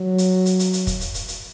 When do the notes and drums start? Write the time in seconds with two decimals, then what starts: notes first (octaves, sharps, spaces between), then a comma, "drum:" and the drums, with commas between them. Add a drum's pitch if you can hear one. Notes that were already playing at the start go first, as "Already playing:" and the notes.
Already playing: F#3
0.18 drum: hi-hat
0.46 drum: hi-hat
0.59 drum: hi-hat
0.73 drum: hi-hat
0.87 drum: kick, hi-hat
1.01 drum: hi-hat
1.14 drum: hi-hat
1.28 drum: hi-hat